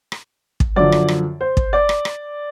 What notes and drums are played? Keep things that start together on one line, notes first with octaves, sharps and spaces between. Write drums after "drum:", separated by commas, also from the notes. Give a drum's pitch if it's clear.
drum: rim click
drum: kick
F#2 D3 F3 D5
drum: rim click
drum: rim click
C5
drum: kick
D5
drum: rim click
drum: rim click